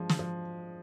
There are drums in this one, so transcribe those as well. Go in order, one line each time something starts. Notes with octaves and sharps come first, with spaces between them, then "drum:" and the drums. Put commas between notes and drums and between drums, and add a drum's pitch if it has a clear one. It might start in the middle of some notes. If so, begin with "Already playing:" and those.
Already playing: F3 G#3 D4
drum: snare
F3